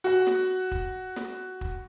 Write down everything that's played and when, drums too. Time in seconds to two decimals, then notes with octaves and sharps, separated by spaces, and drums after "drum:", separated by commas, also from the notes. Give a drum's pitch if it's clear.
0.04 F#4 F#5
0.27 drum: snare
0.71 drum: kick
1.16 drum: snare
1.61 drum: kick